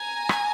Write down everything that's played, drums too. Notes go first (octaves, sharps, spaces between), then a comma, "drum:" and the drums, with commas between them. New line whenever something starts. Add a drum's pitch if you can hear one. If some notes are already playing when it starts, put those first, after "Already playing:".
Already playing: G#5 A#5
drum: rim click